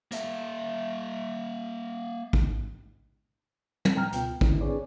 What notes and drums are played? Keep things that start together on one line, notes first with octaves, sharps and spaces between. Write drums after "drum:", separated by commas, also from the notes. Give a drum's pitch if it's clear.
A#3 E5, drum: hi-hat
drum: kick
drum: tom
A2 G5 A#5 F6
C#2 B2 B3 F4 G5, drum: hi-hat
D3 D#3 C#4 E4, drum: kick
C4 D4 G#4 B4 C#5 D5